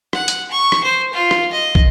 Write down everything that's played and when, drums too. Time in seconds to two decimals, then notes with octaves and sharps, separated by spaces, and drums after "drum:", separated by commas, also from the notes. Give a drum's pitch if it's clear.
0.13 F#5, drum: rim click
0.28 drum: hi-hat
0.51 C#6
0.72 drum: rim click
0.83 C5
1.13 F4
1.31 drum: rim click
1.52 D#5
1.75 drum: kick